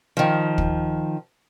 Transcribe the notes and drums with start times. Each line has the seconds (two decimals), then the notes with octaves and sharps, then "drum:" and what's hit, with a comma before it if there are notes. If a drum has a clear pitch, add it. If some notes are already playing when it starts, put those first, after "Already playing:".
0.17 D#3 F3
0.58 drum: kick